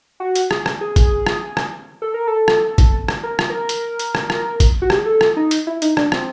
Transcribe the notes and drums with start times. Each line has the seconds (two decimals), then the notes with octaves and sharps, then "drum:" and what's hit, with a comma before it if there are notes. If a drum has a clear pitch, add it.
0.20 F#4
0.36 drum: hi-hat
0.51 G#4, drum: rim click
0.66 drum: rim click
0.81 G#4
0.96 drum: kick, hi-hat
1.27 drum: rim click
1.57 drum: rim click
2.02 A4
2.14 A#4
2.27 A4
2.48 drum: rim click
2.78 drum: kick, hi-hat
3.08 drum: rim click
3.23 A#4
3.39 drum: rim click
3.50 A#4
3.69 drum: hi-hat
3.99 drum: hi-hat
4.15 drum: rim click
4.30 drum: rim click
4.60 drum: kick, hi-hat
4.82 F#4
4.90 G4, drum: rim click
4.97 G#4
5.06 A4
5.21 drum: rim click
5.37 D#4
5.51 drum: hi-hat
5.67 E4
5.82 D#4, drum: hi-hat
5.97 D4, drum: rim click
6.12 C4, drum: rim click